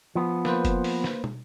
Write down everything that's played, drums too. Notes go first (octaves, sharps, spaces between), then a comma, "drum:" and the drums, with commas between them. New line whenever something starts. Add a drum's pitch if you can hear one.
F3 B3
A#3 B4 C5, drum: snare
drum: kick F1, hi-hat
drum: open hi-hat
drum: snare
drum: tom